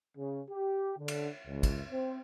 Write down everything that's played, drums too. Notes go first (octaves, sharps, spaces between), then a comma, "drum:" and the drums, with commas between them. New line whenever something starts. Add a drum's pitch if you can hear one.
C#3
G4
D3
drum: cymbal
C#2
drum: kick, cymbal
C4